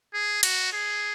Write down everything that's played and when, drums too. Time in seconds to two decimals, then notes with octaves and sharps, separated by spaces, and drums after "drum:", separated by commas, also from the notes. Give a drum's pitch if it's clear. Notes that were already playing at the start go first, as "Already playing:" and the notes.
0.14 G#4
0.43 F#4, drum: cymbal
0.73 G#4